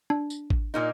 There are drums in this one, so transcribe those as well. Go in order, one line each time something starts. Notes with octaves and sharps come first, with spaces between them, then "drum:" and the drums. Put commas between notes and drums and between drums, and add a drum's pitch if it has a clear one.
D4
drum: tambourine
drum: kick G#1
A#2 A#3 D#4